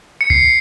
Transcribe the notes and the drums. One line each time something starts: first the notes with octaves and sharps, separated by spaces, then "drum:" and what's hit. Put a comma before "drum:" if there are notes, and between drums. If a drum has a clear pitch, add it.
C#7
C7, drum: kick C#2